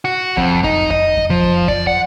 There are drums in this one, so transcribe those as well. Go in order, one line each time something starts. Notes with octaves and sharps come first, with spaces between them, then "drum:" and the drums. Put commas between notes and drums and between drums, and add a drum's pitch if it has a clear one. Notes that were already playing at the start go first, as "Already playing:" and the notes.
F#4
F2, drum: kick F2
D#4, drum: kick F2
D#5, drum: kick F2
drum: kick F2
F3
drum: kick F2
D5, drum: kick F2
F#5